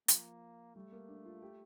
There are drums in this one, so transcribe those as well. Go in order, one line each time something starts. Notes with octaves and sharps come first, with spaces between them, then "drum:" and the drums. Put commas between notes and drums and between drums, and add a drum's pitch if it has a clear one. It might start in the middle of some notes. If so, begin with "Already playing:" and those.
F3 A#3, drum: hi-hat
G3 A3
A#3
D4
F4
G4